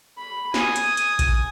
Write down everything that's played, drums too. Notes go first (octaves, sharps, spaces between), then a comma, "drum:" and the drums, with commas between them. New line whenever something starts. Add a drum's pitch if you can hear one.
B5
G#5 D#6, drum: snare
drum: hi-hat
drum: hi-hat
drum: kick A1, hi-hat